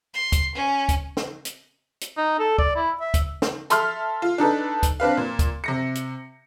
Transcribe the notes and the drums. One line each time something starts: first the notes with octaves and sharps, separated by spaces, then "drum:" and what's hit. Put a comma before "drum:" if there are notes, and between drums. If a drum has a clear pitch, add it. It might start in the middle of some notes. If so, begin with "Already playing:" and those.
C6
drum: kick, hi-hat
C#4
drum: kick, hi-hat
drum: snare
drum: hi-hat
drum: hi-hat
D#4
A4
D5, drum: kick
E4
E5
drum: kick, hi-hat
drum: snare
A4 E5 C6 F6, drum: hi-hat
F4
D4 D#4 A4 B4
drum: kick, hi-hat
C4 D4 B4 F5
A#2
drum: kick, hi-hat
C3 A#6 C#7
drum: hi-hat